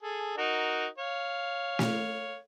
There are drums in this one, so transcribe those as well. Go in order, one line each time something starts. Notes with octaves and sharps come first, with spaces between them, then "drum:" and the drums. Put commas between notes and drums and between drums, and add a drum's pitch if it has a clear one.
G#4 A4
D#4 F#4 A#4
C#5 F5
drum: snare